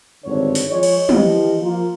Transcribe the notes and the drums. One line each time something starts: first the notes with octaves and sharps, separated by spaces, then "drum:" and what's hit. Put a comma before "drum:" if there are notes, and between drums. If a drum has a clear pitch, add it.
G#1 G2 D3 D#3 C4 C#5
drum: open hi-hat
F3 G#3 C#5
drum: cymbal
E3 F3 G4 D#5, drum: tom
F3 A#3 F4